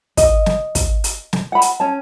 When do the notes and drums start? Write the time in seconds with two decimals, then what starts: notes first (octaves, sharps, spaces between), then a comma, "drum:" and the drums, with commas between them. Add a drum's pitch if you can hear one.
0.17 D#5, drum: kick, hi-hat
0.46 drum: snare
0.75 drum: kick, hi-hat
1.04 drum: hi-hat
1.33 drum: snare
1.52 F#5 B5
1.62 drum: hi-hat
1.80 C#4 A5